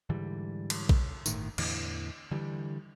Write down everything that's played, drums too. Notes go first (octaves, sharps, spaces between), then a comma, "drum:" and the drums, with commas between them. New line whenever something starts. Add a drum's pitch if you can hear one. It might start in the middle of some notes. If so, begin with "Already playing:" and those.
G#2 D3 E3 G3
drum: cymbal
drum: kick A#1
G1 A2 D#3, drum: tambourine
E2 A2 D3 E3, drum: cymbal
D3 E3 G3